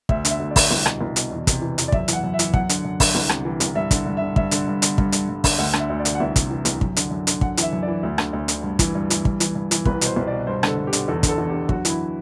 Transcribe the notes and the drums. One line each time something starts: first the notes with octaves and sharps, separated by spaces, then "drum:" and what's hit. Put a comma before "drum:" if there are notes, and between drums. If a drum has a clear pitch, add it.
D2 E5, drum: kick
D3, drum: hi-hat
E5
D2
D5
D3, drum: kick, open hi-hat
C2
B2, drum: rim click
C2
B2, drum: hi-hat
E2
C3, drum: kick, hi-hat
E3
E2, drum: hi-hat
D5
F#2 E5, drum: kick
E3, drum: hi-hat
F#5
F#2
E5
E3, drum: hi-hat
F#2 F#5, drum: kick
D3, drum: hi-hat
F#2
D3, drum: kick, open hi-hat
C2
C3, drum: rim click
E3
C2, drum: hi-hat
G2 E5
D3, drum: kick, hi-hat
G2
D3 E5
G2 E5, drum: kick
D3, drum: hi-hat
G2
D3, drum: hi-hat
G2, drum: kick
D3, drum: hi-hat
G2
D3, drum: kick, open hi-hat
D2 F#5
D3, drum: rim click
E5
D2
D5
D3, drum: hi-hat
F#5
C2 E5
C3, drum: kick, hi-hat
E3
C2, drum: hi-hat
F#2, drum: kick
D3, drum: hi-hat
F#2
D3, drum: hi-hat
F#2 F#5, drum: kick
E3 E5, drum: hi-hat
F#2
E3 D5
D2
D3, drum: rim click
D2
D3, drum: hi-hat
G2
E3, drum: kick, hi-hat
G2
E3, drum: hi-hat
G2, drum: kick
E3, drum: hi-hat
G2
E3, drum: hi-hat
C2 B4, drum: kick
B2 C5, drum: hi-hat
C2
B2 D5
G2 C5
D3 A4, drum: rim click
G2
G4
D3, drum: hi-hat
E2 A4
D3, drum: kick, hi-hat
A4
E2
D3 G4
F#2 F#4, drum: kick
E3 E4, drum: hi-hat